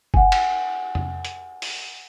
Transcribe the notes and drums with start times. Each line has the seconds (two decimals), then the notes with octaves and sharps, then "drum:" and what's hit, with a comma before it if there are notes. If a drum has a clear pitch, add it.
0.14 F#5 G#5, drum: kick F#1
0.32 drum: cymbal
0.95 drum: tom F2
1.25 drum: hi-hat
1.62 drum: open hi-hat